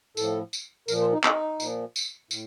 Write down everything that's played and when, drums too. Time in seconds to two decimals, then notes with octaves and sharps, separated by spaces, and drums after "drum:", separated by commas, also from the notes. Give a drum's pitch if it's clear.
0.17 A2 F3 A4, drum: tambourine
0.53 drum: tambourine
0.88 A#2 F3 A#4, drum: tambourine
1.01 C5
1.13 D#4
1.24 D#4, drum: clap
1.60 A#2 F3, drum: tambourine
1.96 drum: tambourine
2.31 A2, drum: tambourine